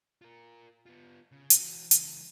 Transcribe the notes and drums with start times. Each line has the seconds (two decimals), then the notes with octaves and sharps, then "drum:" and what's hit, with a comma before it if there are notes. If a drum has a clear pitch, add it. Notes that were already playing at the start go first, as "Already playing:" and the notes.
0.22 F4 A#4
0.86 B3 F4
1.32 C#3
1.50 drum: hi-hat
1.60 E3 F#4
1.91 C#2 E3, drum: hi-hat